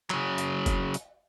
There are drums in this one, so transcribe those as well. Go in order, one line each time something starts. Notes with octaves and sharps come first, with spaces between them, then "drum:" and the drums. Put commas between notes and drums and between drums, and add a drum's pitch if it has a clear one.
C#3 F#3, drum: clap
drum: hi-hat
drum: kick, hi-hat
drum: hi-hat